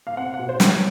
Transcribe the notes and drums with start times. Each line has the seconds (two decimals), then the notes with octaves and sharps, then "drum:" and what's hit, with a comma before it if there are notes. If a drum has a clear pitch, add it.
0.07 F5
0.17 C4 F#5
0.34 F#5
0.39 B2
0.49 C5
0.60 G3, drum: snare
0.65 C#5